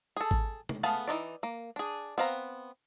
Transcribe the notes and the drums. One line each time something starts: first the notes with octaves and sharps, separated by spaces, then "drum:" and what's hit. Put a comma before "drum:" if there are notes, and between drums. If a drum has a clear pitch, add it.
G#4 A4
drum: kick G#1
drum: tom
A3 B3 G#4 F5 A5
E3 A3 D#4 D5
A#3
D4 G#4
B3 C4 F5 A#5